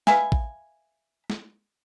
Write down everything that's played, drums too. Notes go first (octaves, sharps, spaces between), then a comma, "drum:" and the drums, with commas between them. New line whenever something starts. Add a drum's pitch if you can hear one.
B4 E5 F5 G#5, drum: snare
drum: kick A1
drum: snare